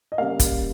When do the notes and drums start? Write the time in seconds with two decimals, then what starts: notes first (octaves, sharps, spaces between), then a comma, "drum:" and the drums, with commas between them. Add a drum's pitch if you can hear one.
0.12 D#5
0.18 C#3 G3 A#3 F5
0.40 drum: kick, hi-hat